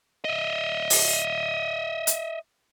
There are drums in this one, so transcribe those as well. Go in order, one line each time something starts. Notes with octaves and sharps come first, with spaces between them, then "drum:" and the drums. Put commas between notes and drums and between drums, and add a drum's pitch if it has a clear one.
D#5 E5
drum: open hi-hat
drum: hi-hat